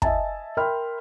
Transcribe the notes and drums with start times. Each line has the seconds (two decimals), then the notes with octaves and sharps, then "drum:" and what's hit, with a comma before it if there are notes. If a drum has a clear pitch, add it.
0.02 D#5 E5 G#5 A5, drum: kick
0.57 A#4 E5 G5 B5 C6 F6